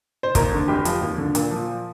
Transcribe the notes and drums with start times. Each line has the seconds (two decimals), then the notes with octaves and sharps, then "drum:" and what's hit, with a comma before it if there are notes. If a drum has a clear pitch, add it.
0.23 C5
0.35 D#2 A#4, drum: kick, hi-hat
0.52 D3
0.68 F1 G4
0.85 F3, drum: hi-hat
1.01 D#2
1.18 D3
1.35 A#2, drum: hi-hat
1.51 F3